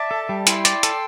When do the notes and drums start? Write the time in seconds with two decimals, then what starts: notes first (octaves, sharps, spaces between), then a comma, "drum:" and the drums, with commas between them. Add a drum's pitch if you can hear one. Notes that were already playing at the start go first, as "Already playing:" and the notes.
Already playing: D5 E5 A5
0.11 A4
0.29 G3
0.47 E4 G5 C6, drum: hi-hat
0.65 D5, drum: hi-hat
0.83 A4, drum: hi-hat